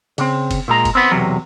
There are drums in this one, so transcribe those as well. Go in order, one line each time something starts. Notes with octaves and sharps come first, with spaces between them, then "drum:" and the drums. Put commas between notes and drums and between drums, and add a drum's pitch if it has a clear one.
C#3 C4, drum: cymbal
drum: kick F#1, cymbal
A#2 G#3 A#5
drum: kick F#1, cymbal
B3 C4
B1 E2 C3 F#3